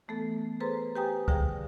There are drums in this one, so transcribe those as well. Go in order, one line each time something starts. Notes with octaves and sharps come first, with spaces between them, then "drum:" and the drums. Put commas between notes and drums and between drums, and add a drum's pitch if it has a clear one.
E3 A3 B3 A4
G#4 A4 B4 C5 A#5 C6
G4 B4 G5 G#5 A#5 D#6
D3 G3 G#4 F5 G5, drum: kick C#2